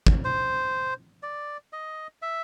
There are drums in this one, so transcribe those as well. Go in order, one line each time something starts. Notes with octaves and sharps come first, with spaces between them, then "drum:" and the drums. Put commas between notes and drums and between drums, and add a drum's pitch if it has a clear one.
drum: kick
C5
D5
D#5
E5